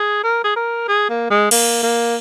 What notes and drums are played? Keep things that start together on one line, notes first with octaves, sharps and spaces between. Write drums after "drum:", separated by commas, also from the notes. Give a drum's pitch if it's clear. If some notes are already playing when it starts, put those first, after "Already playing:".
Already playing: G#4
A#4
G#4
A#4
G#4
A#3
G#3
A#3, drum: cymbal
A#3